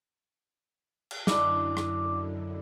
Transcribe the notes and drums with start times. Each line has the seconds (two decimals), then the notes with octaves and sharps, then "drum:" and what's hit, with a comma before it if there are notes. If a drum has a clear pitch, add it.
1.11 drum: cymbal
1.27 F#2 D3 D4 E4 D#5 D6, drum: snare
1.77 drum: rim click